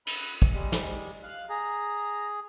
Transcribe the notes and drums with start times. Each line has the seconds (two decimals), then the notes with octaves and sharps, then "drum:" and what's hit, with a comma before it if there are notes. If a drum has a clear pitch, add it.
0.07 B5 F#6, drum: cymbal
0.42 drum: kick
0.52 G3 G#3
0.72 drum: snare
1.23 F5 F#6
1.49 G#4 A#5